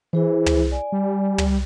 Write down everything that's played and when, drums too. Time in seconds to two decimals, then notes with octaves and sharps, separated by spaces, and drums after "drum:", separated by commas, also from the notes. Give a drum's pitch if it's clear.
0.13 E3 E4 G#4 C5
0.46 drum: tom
0.72 D5 G#5
0.92 G3
1.38 drum: tom